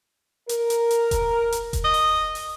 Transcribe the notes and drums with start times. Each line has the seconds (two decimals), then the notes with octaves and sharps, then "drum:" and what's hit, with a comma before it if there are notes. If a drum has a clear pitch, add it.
0.49 A#4, drum: hi-hat
0.70 drum: hi-hat
0.91 drum: hi-hat
1.11 drum: kick E1, hi-hat
1.52 drum: hi-hat
1.73 drum: kick E1, hi-hat
1.84 D#5
1.94 drum: open hi-hat
2.35 drum: open hi-hat